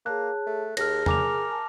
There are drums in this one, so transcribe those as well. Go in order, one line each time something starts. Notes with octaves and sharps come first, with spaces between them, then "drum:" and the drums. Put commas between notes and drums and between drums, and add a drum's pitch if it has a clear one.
A#3 G#4 C#5 A5 F#6
A3
D#2 G#4 A5 F6 A#6, drum: cymbal
A#4 G#5 D6 F7, drum: tom
G#5 A5